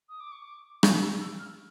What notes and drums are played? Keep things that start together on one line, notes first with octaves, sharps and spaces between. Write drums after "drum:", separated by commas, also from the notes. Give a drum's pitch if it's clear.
D#6
D6
C#6
D6
D#6, drum: rim click
E6
E6
F6